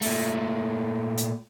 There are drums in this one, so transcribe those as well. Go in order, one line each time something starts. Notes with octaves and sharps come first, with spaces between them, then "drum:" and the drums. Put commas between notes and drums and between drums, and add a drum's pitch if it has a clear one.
A#2 A3, drum: open hi-hat
drum: hi-hat